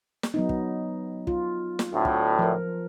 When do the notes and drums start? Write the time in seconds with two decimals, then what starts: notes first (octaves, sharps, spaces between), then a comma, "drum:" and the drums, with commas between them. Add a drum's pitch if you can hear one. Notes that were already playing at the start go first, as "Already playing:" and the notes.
0.23 drum: snare
0.34 F#3 B3 D#4
0.49 drum: kick
1.27 F4, drum: kick
1.79 drum: snare
1.92 D2 A2
2.05 drum: kick
2.39 F3 A#4